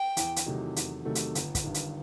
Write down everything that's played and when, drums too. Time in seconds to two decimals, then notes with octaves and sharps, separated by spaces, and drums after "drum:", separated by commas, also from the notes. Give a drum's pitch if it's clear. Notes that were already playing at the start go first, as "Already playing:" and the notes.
Already playing: G5
0.17 E2, drum: hi-hat
0.36 drum: hi-hat
0.46 C3 D#3 F#3 A3
0.76 E2, drum: hi-hat
1.05 C3 D#3 F#3 A3
1.15 drum: hi-hat
1.35 G1, drum: hi-hat
1.55 drum: kick, hi-hat
1.64 G2 D#3
1.74 drum: hi-hat